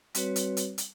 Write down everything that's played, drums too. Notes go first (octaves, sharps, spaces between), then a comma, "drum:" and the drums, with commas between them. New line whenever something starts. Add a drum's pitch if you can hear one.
G3 C4 F#4 B4 C#5, drum: hi-hat
drum: hi-hat
drum: hi-hat
drum: hi-hat